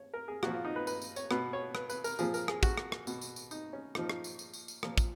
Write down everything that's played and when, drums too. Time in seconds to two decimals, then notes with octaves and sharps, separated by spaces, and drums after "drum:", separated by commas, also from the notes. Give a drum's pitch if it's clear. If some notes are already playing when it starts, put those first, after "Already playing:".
Already playing: C#5
0.14 A#4
0.28 G#4
0.43 A#2 F3 F#4, drum: rim click
0.54 F4
0.65 D#4
0.76 B4
0.87 B4, drum: tambourine
1.01 drum: tambourine
1.16 C#5, drum: tambourine
1.31 B2 B4, drum: rim click
1.53 C#5
1.75 B4, drum: rim click
1.89 B4, drum: tambourine
2.04 A#4, drum: tambourine
2.19 A#2 F3 G#4, drum: tambourine
2.34 A#4, drum: tambourine
2.48 G#4, drum: rim click
2.63 F#4, drum: kick, tambourine
2.78 drum: rim click
2.92 drum: rim click
3.07 B2, drum: tambourine
3.22 drum: tambourine
3.36 drum: tambourine
3.51 D#4, drum: tambourine
3.73 C#4
3.95 A#2 F3 D#4, drum: rim click
4.10 drum: rim click
4.24 drum: tambourine
4.39 drum: tambourine
4.54 drum: tambourine
4.68 drum: tambourine
4.83 A#2 F3, drum: rim click
4.98 drum: kick, tambourine